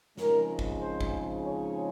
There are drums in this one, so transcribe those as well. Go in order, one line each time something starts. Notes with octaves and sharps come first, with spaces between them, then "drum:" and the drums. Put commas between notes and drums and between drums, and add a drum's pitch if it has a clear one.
C#3 F3 G#3 C4 D#4 A#4, drum: snare
drum: kick
C5
drum: kick
C#5